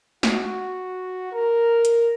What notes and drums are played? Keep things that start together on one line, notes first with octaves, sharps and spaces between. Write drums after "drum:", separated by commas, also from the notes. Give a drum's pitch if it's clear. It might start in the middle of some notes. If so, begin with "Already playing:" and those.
F#4, drum: snare
A#4
drum: hi-hat